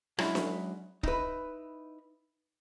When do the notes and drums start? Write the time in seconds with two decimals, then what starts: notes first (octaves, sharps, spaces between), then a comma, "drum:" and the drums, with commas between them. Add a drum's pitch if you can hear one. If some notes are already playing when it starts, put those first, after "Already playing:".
0.19 F#3 G#3 C#4 D4 E4, drum: rim click
0.35 drum: snare D4
1.03 D#4 E4 B4, drum: kick